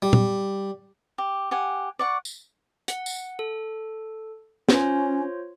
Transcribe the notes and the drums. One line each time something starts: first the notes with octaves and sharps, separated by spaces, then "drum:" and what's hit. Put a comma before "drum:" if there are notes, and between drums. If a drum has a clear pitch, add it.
G3
drum: tom
G4
G4 F#5 G#5
D5 F#5 C#6
drum: tambourine
F#5, drum: hi-hat
drum: tambourine
A4
C#4 F4 C5 C#5, drum: snare